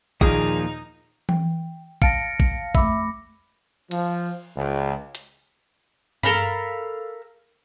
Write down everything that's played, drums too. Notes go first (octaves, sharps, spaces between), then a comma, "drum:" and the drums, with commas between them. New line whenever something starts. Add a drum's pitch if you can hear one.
D#2 A#2 F3 A#3 D#4 G#4, drum: kick
G5, drum: tom E3
F5 A5 A#6 C#7 D7, drum: kick
drum: kick
F2 A3 E5 B5 D6, drum: kick
F3, drum: cymbal
C#2
drum: hi-hat
A4 A#4 F5 B5, drum: tom G2